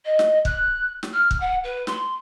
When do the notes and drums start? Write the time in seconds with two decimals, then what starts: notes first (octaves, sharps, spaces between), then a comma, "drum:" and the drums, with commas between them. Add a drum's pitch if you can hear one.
0.05 D#5
0.19 drum: snare
0.45 F#6, drum: kick
1.03 drum: snare
1.13 F6
1.31 drum: kick
1.40 F#5
1.63 B4
1.87 C6, drum: snare